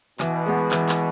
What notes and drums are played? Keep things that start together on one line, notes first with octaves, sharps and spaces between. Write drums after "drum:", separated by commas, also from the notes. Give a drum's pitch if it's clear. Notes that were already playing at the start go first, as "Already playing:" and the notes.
B2 E3, drum: clap
G#3 B3
E3, drum: clap
drum: clap